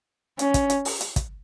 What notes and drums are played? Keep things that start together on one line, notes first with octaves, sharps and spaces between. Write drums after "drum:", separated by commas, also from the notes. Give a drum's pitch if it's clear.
C#4, drum: hi-hat
drum: kick, hi-hat
drum: hi-hat
drum: open hi-hat
drum: hi-hat
drum: kick, hi-hat